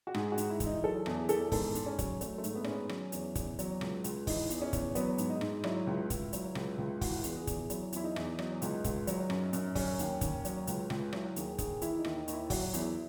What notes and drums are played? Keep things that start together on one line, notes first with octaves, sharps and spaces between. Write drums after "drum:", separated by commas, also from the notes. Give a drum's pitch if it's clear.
F#4
G#2 G#4, drum: rim click
F#4
G#2, drum: hi-hat
E4
E3, drum: kick, hi-hat
D#4
F#3 A4
E2 G#4, drum: rim click
E2 A4, drum: hi-hat
G#2 A4, drum: kick, open hi-hat
G#2, drum: hi-hat
C#4
F#3, drum: kick, hi-hat
F#3 A3, drum: hi-hat
A3
G#2, drum: hi-hat
B3
G#2 C#4, drum: rim click
B3
F#3 C#4, drum: rim click
E2, drum: hi-hat
E2, drum: kick, hi-hat
F#3, drum: hi-hat
C#2, drum: rim click
C#2, drum: hi-hat
E3 D#4, drum: kick, open hi-hat
E2, drum: hi-hat
C#4
E2, drum: kick, hi-hat
F#3 B3, drum: hi-hat
G#2, drum: hi-hat
D#4
G#2, drum: rim click
F#3 E4, drum: rim click
C#2
C#2, drum: kick, hi-hat
F#3, drum: hi-hat
C#2, drum: rim click
C#2
E3 F#4, drum: kick, open hi-hat
E2, drum: hi-hat
G#4
E2, drum: kick, hi-hat
F#3 E4, drum: hi-hat
E2 E4, drum: hi-hat
D#4
E2, drum: rim click
F#3, drum: rim click
C#2, drum: hi-hat
C#2, drum: kick, hi-hat
F#3, drum: hi-hat
F#2, drum: rim click
F#2, drum: hi-hat
F#3 C#4, drum: kick, open hi-hat
D#2, drum: hi-hat
D#2, drum: kick, hi-hat
F#3, drum: hi-hat
C#2, drum: hi-hat
C#2, drum: rim click
F#3 E4, drum: rim click
D#2 G#4, drum: hi-hat
D#2 G#4, drum: kick, hi-hat
E3 E4, drum: hi-hat
D#4
D#2, drum: rim click
D#4
D#2, drum: hi-hat
E4
F#3 F#4, drum: kick, open hi-hat
E2 E4, drum: hi-hat